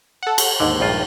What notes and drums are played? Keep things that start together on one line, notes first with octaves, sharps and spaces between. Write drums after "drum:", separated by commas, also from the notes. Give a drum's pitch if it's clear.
A4 F#5
drum: cymbal
D#2 G#2 D3 D#3
A#1 G2 F4